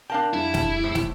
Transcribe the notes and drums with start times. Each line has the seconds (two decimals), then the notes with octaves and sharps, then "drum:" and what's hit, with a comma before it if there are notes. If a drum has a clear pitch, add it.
0.10 D4 A#4 F5 G5 A5
0.33 F2 G3 E4 G#4
0.54 drum: snare
0.84 A2 C5
0.95 drum: snare